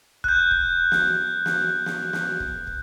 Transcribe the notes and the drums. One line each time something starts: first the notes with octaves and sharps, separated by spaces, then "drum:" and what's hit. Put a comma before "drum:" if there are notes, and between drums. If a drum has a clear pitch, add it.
F#6 G6, drum: kick
drum: kick
drum: snare
drum: snare
drum: snare
drum: snare
drum: kick
drum: kick